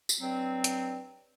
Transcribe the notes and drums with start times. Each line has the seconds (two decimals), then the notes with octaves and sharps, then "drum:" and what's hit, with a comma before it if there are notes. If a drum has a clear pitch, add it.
0.09 drum: tambourine
0.21 G2 F#3 C4
0.64 drum: hi-hat